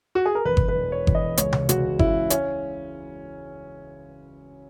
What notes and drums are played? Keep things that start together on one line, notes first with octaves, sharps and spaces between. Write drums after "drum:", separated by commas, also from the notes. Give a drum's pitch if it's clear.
F#4
G#4
A#4
E1 B4
drum: kick G1
B4
E1
C#5
E2, drum: kick G1
D#5
C#2 C#5, drum: hi-hat
drum: tom C3
C#2 F#4, drum: hi-hat
C#3 E4, drum: kick G1
C#4, drum: hi-hat